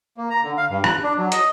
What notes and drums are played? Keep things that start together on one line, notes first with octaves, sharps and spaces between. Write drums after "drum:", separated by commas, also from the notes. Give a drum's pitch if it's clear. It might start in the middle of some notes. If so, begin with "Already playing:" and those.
A#3
A#5
D3
F5
G2
F#6, drum: rim click
D4
F#3
D#5, drum: hi-hat